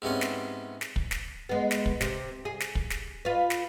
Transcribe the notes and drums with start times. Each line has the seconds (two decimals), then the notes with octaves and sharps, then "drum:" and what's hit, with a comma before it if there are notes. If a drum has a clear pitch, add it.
0.02 G#2 C3 B3 C#4
0.21 drum: snare
0.81 drum: snare
0.96 drum: kick
1.11 drum: snare
1.49 G#3 B3
1.71 drum: snare
1.86 drum: kick
2.01 C3, drum: snare
2.45 G#4
2.60 drum: snare
2.75 drum: kick
2.90 drum: snare
3.25 F4 B4
3.50 drum: snare